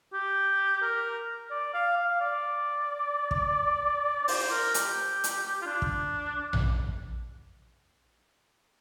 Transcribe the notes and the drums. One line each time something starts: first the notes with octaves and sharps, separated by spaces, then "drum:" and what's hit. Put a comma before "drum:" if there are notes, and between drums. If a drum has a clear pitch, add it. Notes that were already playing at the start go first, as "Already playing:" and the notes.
G4
A#4
D5
F5
F5
D5
drum: kick
D5
C5, drum: open hi-hat
A#4
G4, drum: hi-hat
drum: hi-hat
F4
D4
drum: kick
drum: tom A#1